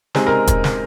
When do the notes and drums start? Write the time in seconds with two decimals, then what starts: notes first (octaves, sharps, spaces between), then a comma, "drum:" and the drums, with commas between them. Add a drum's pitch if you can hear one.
0.15 C3 G#3 C4 D#4 G#4, drum: snare
0.27 A#4 A#5
0.47 drum: kick, hi-hat
0.64 drum: snare